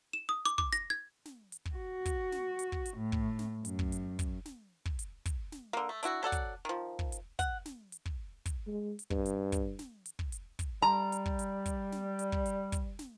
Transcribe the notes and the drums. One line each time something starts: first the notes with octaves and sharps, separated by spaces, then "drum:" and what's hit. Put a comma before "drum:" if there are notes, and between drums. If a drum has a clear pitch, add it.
E7
D#6
D6, drum: hi-hat
D6, drum: kick
A#6, drum: hi-hat
G#6
drum: snare
drum: hi-hat
drum: kick
F#4
drum: kick, hi-hat
drum: snare
drum: hi-hat
drum: kick
drum: hi-hat
A2
drum: kick
drum: snare
F#2, drum: hi-hat
drum: kick
drum: hi-hat
drum: kick, hi-hat
drum: snare
drum: kick
drum: hi-hat
drum: kick, hi-hat
drum: snare
D3 A#3
A3
D4 E4 F#4, drum: hi-hat
F#3 A4 D5 F#5
drum: kick, hi-hat
D#3 F3
drum: kick
drum: hi-hat
F#5, drum: kick, hi-hat
drum: snare
drum: hi-hat
drum: kick
drum: kick, hi-hat
G#3
drum: hi-hat
G2, drum: kick
drum: hi-hat
drum: kick, hi-hat
drum: snare
drum: hi-hat
drum: kick
drum: hi-hat
drum: kick, hi-hat
G3 A#5
drum: hi-hat
drum: kick
drum: hi-hat
drum: kick, hi-hat
drum: snare
drum: hi-hat
drum: kick
drum: hi-hat
drum: kick, hi-hat
drum: snare